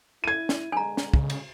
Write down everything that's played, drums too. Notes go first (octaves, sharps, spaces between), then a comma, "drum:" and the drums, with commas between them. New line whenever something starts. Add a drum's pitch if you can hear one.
E4 G#6 D#7
drum: snare
B2 D3 G#3 G#5 A#5
drum: snare
C#3, drum: kick
drum: cymbal